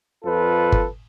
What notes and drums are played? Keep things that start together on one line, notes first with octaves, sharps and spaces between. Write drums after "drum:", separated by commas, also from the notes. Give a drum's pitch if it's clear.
F2 F4 A4 B4
drum: kick G1